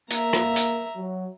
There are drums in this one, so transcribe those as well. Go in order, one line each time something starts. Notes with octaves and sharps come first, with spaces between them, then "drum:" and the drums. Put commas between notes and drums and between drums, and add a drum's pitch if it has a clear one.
A#3 E5 A#5, drum: hi-hat
drum: rim click
drum: hi-hat
F#3